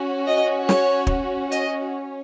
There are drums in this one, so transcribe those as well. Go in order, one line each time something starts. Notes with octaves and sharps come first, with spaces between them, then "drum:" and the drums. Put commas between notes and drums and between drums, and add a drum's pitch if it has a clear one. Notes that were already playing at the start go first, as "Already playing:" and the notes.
Already playing: C#4 F#4
D#5
C#5, drum: snare
drum: kick
D#5, drum: hi-hat